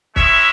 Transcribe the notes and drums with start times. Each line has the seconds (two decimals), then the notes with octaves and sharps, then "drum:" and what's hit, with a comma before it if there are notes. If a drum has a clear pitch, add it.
0.16 G#3 C#4 E4 C#5 E5, drum: kick